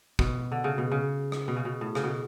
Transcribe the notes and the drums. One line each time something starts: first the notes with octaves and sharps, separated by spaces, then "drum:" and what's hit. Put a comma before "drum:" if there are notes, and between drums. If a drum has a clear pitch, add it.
B2, drum: kick
D3
C#3
B2
C#3
drum: rim click
B2
C#3
B2
A2
C#3, drum: rim click
B2